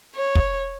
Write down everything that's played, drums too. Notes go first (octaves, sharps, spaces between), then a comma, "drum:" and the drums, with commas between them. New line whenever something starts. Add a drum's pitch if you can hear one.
C#5
drum: kick